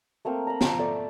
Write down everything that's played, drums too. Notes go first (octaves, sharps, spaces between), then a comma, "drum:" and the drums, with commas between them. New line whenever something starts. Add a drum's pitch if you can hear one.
A3 A#3 C4 F5
A#5 B5
F3 D#5, drum: snare B3
A3 A4 D5 E5